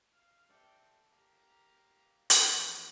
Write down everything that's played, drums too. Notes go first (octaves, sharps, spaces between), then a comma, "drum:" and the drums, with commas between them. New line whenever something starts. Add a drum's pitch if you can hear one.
F5
C3 C4 A4 D5 G5
A#3 G4 A#5
drum: hi-hat
E2 B2 F3 C5 B5